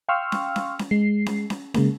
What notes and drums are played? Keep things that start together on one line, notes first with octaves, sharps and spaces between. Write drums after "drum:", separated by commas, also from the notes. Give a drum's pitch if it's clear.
F5 G5 C6 C#6 E6 F6
drum: snare C#4
drum: snare C#4
drum: snare C#4
G#3 C7
drum: snare C#4
drum: snare C#4
C#3 G#3 A#3, drum: snare C#4